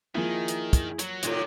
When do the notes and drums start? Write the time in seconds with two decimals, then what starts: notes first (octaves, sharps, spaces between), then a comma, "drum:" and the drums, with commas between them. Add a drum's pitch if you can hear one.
0.15 D#3 F3 A#3 E4 G#4 D#6
0.48 drum: hi-hat
0.73 drum: kick, hi-hat
0.99 F#3, drum: hi-hat
1.23 A2 C3 D#3 F4, drum: hi-hat